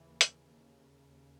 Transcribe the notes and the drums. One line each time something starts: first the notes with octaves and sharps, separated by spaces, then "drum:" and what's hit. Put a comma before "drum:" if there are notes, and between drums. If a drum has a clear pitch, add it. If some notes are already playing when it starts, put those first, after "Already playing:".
Already playing: D#2 C#3 E3
drum: hi-hat